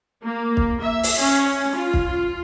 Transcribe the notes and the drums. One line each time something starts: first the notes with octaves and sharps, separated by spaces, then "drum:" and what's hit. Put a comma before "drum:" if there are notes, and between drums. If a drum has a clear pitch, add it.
A#3
drum: kick
E5
drum: open hi-hat
C#4
F4
drum: kick